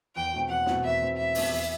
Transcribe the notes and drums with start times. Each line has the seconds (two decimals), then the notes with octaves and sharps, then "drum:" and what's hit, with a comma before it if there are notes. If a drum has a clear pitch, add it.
0.16 E2 G5
0.32 B2 A3 C4
0.49 E2 F#5
0.66 B2 A3 C4, drum: snare
0.84 E2 E5
1.01 B2 A3 C4
1.17 E2 E5
1.35 B2 A3 C4, drum: open hi-hat
1.51 E2